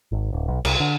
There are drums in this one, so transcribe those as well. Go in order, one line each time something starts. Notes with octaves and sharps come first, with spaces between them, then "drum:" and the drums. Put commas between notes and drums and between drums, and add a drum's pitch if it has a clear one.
G#1
D1
B1
C2, drum: cymbal
D3